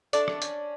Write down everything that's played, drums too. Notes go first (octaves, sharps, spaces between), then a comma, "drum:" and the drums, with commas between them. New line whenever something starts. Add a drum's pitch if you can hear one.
A3 D4 D5, drum: hi-hat
drum: rim click
C#4, drum: hi-hat